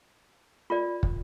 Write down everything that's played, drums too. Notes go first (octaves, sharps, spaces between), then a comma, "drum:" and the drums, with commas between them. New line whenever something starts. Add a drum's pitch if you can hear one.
F4 A#4 D5
drum: kick